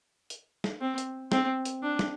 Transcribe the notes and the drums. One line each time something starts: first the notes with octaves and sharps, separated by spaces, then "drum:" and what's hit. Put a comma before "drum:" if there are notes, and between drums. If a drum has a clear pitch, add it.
drum: hi-hat
drum: snare
C4
drum: hi-hat
C4, drum: snare
drum: hi-hat
D4
drum: snare